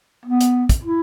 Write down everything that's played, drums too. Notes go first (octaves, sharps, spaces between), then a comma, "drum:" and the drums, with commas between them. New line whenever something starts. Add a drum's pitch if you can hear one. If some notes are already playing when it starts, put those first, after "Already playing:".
B3
drum: hi-hat
drum: kick, hi-hat
E4